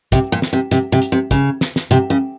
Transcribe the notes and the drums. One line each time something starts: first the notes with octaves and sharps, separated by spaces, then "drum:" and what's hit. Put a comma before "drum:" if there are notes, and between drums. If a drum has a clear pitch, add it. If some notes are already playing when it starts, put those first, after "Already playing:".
C3, drum: kick, hi-hat
A#2
drum: snare
C3
C3, drum: hi-hat
C3
drum: hi-hat
C3
C#3, drum: kick, hi-hat
drum: snare
drum: snare
C3, drum: hi-hat
C#3